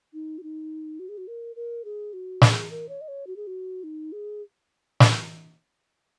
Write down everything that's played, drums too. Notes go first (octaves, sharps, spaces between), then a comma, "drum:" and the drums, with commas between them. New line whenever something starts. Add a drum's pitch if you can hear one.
D#4
F#4
D#4
F#4
G#4
F#4
A#4
A#4
G#4
F#4
G#4, drum: snare
A#4
C#5
D#5
C#5
F#4
G#4
F#4
D#4
G#4
drum: snare